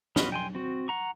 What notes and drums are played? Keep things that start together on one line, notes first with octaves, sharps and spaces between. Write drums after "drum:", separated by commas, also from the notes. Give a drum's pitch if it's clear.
B3 C#4 F4 F#4 B4, drum: snare
G5 G#5 C6
C4 F#4
F#5 A#5 C#6